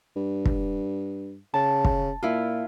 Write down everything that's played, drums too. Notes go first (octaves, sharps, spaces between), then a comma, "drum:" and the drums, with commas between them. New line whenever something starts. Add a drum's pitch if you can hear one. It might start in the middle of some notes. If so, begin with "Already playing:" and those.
G2
drum: kick
C#3 A5
drum: kick
A#2 E4 F4